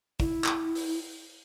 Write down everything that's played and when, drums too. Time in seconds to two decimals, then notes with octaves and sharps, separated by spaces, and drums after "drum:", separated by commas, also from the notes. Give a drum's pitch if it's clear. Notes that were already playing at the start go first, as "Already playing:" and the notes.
0.20 E4, drum: kick
0.44 drum: clap
0.75 drum: open hi-hat